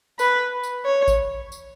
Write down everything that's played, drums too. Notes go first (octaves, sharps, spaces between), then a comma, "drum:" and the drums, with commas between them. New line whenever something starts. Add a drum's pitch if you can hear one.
B4, drum: tambourine
drum: tambourine
C#5
drum: kick A1, tambourine
drum: tambourine